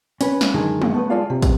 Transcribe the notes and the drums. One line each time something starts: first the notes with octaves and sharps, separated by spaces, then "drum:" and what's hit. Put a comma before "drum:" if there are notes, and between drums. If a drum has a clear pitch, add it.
C#4 B4, drum: hi-hat
drum: snare
F#2 D3 D#3 G#3
drum: tom
A3 B3 B4
G#3 F4 A4 D5 F5
C3
drum: kick, hi-hat